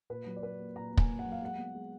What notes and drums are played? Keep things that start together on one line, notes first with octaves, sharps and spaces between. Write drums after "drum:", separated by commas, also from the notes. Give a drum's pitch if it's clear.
A#2 B4
F#3
D5
A#3 B4
A#3
A#2 A#5
A#3
G#5, drum: kick
A#3
F#5
F#3
F5
G#3 F#5
B3
G#3